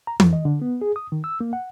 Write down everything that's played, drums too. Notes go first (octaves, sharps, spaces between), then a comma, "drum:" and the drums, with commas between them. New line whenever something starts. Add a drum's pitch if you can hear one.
A#5
F2, drum: tom
D#5
D3
B3
G#4
D#6
D#3
E6
A#3
F#5